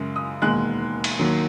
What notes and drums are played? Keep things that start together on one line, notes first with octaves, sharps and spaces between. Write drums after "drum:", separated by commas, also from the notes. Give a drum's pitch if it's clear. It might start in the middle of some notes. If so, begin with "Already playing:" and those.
Already playing: F#2 C#3 G#3
D#6
E1 D#2 D#3 G#3 F#6
drum: cymbal
D#2 D#3 F#3